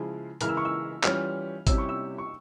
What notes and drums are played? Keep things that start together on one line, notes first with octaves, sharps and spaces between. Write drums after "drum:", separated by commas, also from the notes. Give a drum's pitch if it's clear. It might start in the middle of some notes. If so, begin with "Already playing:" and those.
Already playing: C#3 F3 G#3 E4
C#3 E3 G#3 E4 A#4 F6, drum: hi-hat
E6
C#6
E6
E3 G3 C#4 F4 F6, drum: clap
C3 G3 C#4 E4 G4 E6, drum: kick G#1, hi-hat
C#6
E6
C#6